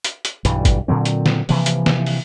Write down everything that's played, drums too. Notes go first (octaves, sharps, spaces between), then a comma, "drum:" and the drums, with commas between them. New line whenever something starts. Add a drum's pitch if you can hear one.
drum: hi-hat
drum: hi-hat
B1 G2 E3 G3, drum: hi-hat
drum: kick G#1, hi-hat
A#2 D3 F#3 C4
drum: hi-hat
drum: snare
C3 E3 F3 A#3, drum: open hi-hat
drum: hi-hat
drum: snare
drum: open hi-hat